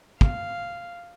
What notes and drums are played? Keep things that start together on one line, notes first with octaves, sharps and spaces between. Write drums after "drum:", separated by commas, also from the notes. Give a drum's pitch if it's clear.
F5, drum: kick